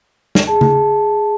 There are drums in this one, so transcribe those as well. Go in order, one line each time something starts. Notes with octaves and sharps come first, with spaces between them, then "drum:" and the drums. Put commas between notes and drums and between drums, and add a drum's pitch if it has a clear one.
drum: snare
G#4 A5
drum: tom C#3